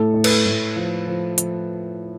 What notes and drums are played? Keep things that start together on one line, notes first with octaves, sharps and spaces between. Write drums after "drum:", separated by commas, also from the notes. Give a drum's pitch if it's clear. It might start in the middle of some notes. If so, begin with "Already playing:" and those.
Already playing: A2 A4
A2
B4, drum: cymbal
A4
A2
F3
F3
F3, drum: hi-hat